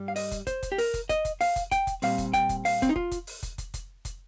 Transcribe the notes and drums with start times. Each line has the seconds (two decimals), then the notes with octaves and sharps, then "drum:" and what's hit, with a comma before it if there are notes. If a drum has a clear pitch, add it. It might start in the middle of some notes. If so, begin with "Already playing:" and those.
Already playing: G2 G3
0.08 F5
0.16 D#5, drum: open hi-hat
0.32 drum: kick, hi-hat
0.47 C5, drum: kick, hi-hat
0.63 drum: kick, hi-hat
0.72 G4
0.78 A#4, drum: open hi-hat
0.94 drum: kick, hi-hat
1.09 D#5, drum: kick, hi-hat
1.25 drum: kick, hi-hat
1.41 F5, drum: open hi-hat
1.56 drum: kick, hi-hat
1.71 G5, drum: kick, hi-hat
1.87 drum: kick, hi-hat
2.02 A#2 G3 C4 F5, drum: open hi-hat
2.18 drum: kick, hi-hat
2.34 G5, drum: kick, hi-hat
2.49 drum: kick, hi-hat
2.65 F5, drum: open hi-hat
2.82 C4, drum: kick, hi-hat
2.89 D#4
2.96 F4, drum: kick
3.12 drum: kick, hi-hat
3.27 drum: open hi-hat
3.43 drum: kick, hi-hat
3.58 drum: kick, hi-hat
3.74 drum: kick, hi-hat
4.05 drum: kick, hi-hat